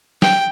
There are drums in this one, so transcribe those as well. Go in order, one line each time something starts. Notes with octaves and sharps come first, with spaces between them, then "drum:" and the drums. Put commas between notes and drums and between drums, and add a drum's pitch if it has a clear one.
G5, drum: snare